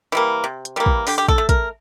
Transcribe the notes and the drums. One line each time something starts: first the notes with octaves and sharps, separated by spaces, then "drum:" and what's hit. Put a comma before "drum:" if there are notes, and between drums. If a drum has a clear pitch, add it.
E3 G3 A#3
C3
drum: hi-hat
E3 G3 A#3
drum: kick
D3 G4, drum: open hi-hat
G4
A4, drum: kick
A3
A#4, drum: kick, hi-hat